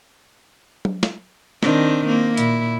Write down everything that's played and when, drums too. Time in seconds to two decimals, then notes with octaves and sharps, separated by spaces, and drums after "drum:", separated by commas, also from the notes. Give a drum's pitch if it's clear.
0.85 drum: tom F#3
1.03 drum: snare
1.63 D#3 C4 D4, drum: snare
2.07 A#3 C4
2.37 A#2 E4, drum: hi-hat